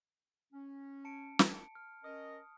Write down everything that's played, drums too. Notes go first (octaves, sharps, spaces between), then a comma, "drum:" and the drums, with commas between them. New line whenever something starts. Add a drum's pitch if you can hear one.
C#4
A5 C#7 D7
drum: snare
F6
C#4 A#4 D#5 D#6